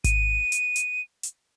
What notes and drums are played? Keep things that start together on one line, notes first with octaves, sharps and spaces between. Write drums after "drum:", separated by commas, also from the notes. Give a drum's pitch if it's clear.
D#7, drum: kick G#1, hi-hat
drum: hi-hat
drum: hi-hat
drum: hi-hat